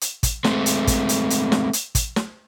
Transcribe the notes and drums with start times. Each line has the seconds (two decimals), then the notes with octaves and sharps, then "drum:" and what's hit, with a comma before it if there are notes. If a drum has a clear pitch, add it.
0.01 drum: hi-hat
0.23 drum: kick, hi-hat
0.44 G#3 A3 C4, drum: snare
0.66 drum: hi-hat
0.87 drum: kick, hi-hat
1.09 drum: hi-hat
1.30 drum: hi-hat
1.52 drum: snare
1.73 drum: hi-hat
1.95 drum: kick, hi-hat
2.16 drum: snare